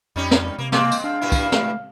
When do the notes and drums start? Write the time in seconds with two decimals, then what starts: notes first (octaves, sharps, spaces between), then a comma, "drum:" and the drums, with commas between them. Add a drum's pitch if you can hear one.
0.16 F2 G3 C#4 D#4
0.31 drum: snare
0.59 C3 A#3
0.72 G#3 A#3 C4, drum: snare
0.92 drum: tambourine
1.04 D4 F5
1.21 G2 A#2 E4
1.32 drum: kick, tambourine
1.52 A3, drum: snare